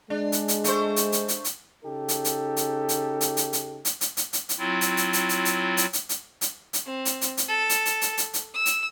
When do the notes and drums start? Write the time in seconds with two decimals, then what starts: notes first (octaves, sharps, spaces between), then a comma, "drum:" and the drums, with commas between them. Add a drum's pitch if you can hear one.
0.10 G#3 D4
0.32 drum: hi-hat
0.48 drum: hi-hat
0.64 A3 C5, drum: hi-hat
0.96 drum: hi-hat
1.12 drum: hi-hat
1.28 drum: hi-hat
1.44 drum: hi-hat
1.84 C#3 D#4 G4 A4
2.08 drum: hi-hat
2.25 drum: hi-hat
2.57 drum: hi-hat
2.89 drum: hi-hat
3.21 drum: hi-hat
3.37 drum: hi-hat
3.53 drum: hi-hat
3.85 drum: hi-hat
4.01 drum: hi-hat
4.17 drum: hi-hat
4.33 drum: hi-hat
4.49 drum: hi-hat
4.58 F#3 C4 E4 F4
4.81 drum: hi-hat
4.97 drum: hi-hat
5.13 drum: hi-hat
5.29 drum: hi-hat
5.45 drum: hi-hat
5.77 drum: hi-hat
5.93 drum: hi-hat
6.09 drum: hi-hat
6.41 drum: hi-hat
6.73 drum: hi-hat
6.86 C4
7.05 drum: hi-hat
7.21 drum: hi-hat
7.37 drum: hi-hat
7.48 A4
7.69 drum: hi-hat
7.85 drum: hi-hat
8.01 drum: hi-hat
8.18 drum: hi-hat
8.34 drum: hi-hat
8.54 E6
8.66 drum: hi-hat